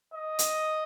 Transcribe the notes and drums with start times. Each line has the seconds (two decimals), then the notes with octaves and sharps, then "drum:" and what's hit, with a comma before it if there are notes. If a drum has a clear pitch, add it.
0.14 D#5
0.39 drum: hi-hat